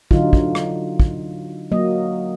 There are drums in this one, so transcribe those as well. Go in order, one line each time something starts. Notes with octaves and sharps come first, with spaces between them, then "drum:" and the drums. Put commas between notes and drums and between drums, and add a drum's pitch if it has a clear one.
D3 F#3 D#4 F4, drum: kick
drum: kick
drum: rim click
drum: kick
F#3 A#3 D#5